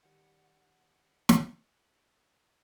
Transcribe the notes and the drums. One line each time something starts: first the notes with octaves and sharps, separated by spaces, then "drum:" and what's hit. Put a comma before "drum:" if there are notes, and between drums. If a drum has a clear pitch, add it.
D#3 G3 F#5
drum: snare